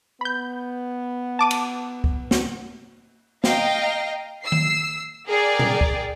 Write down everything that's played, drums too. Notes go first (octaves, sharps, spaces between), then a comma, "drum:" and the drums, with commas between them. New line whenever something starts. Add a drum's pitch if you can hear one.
B3 B5 G6
A5 D6 D#7
drum: cymbal
drum: kick
drum: snare
D#5 F5 G5 A#5, drum: snare
E6 C7
drum: tom D#3
G#4 A#4 D5 G5
drum: tom A#2
drum: kick